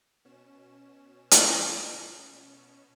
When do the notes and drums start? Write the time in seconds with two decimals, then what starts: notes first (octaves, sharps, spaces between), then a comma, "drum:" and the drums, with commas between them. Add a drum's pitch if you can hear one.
0.25 B2 C#4 E7
1.31 drum: hi-hat